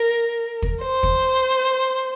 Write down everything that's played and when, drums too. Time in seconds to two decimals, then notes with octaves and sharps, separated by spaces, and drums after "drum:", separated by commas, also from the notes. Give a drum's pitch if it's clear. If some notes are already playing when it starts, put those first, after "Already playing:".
Already playing: A#4
0.62 drum: kick
0.83 C5
1.03 drum: kick